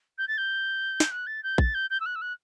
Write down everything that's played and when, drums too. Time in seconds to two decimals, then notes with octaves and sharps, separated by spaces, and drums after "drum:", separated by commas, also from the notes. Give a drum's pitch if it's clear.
0.18 G6
0.28 A6
0.38 G6
1.00 drum: snare
1.11 F#6
1.27 A6
1.43 G6
1.58 A6, drum: kick
1.75 G6
1.90 G6
2.00 E6
2.06 F#6
2.15 E6
2.22 F#6